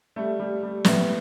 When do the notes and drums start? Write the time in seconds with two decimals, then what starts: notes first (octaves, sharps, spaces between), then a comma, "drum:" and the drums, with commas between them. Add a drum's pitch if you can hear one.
0.16 G3 A3
0.39 G3
0.63 G3
0.85 A2 B3, drum: snare